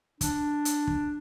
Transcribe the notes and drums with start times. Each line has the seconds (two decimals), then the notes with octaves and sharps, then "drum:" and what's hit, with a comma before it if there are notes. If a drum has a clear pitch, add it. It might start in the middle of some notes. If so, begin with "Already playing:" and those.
0.21 D4, drum: kick, hi-hat
0.65 drum: hi-hat
0.87 drum: kick